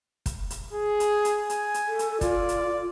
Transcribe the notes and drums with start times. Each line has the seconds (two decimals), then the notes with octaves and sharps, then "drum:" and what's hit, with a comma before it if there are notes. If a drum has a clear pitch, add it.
0.26 drum: kick, hi-hat
0.50 drum: hi-hat
0.73 G#4
1.00 drum: hi-hat
1.25 drum: hi-hat
1.50 G#5, drum: hi-hat
1.74 drum: hi-hat
1.87 A4
1.99 drum: hi-hat
2.21 F4 D5, drum: kick, hi-hat
2.49 drum: hi-hat